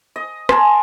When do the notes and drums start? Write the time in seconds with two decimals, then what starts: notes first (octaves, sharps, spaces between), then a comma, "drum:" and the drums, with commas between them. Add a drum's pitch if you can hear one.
0.16 D#5
0.49 A#4 G#5 A5 C6, drum: rim click